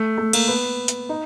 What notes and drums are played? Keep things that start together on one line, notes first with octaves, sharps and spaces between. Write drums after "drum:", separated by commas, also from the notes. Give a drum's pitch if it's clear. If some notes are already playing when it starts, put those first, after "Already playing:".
Already playing: A3
A3
A#3, drum: cymbal
B3
drum: hi-hat
D#4